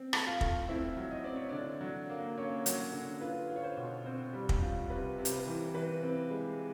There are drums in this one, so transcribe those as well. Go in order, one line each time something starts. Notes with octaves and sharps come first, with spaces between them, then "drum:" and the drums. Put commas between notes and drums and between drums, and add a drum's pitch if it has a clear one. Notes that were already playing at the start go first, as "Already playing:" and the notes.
Already playing: C4
A3, drum: rim click
F4 F5
A3, drum: kick
C4 E4 E5
F#3
D#5
C4 D5
C#5
D3 D4 D5
F#3
A#3
A#3 C#4 C#5
F#3, drum: hi-hat
D3
F4 B4
F4
C#5
C5
B2
C4 C5
G3
drum: kick
F4
C3 B4
C3
C5, drum: hi-hat
B4
E3
E3 B4
C4
G#3